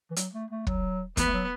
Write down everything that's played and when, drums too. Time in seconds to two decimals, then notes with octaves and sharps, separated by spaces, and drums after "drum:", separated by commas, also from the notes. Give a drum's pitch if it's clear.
0.11 E3
0.16 F#3, drum: hi-hat
0.33 A3
0.51 A3
0.67 F#3, drum: kick
1.17 E3 B3, drum: kick, hi-hat
1.27 A3
1.33 F#3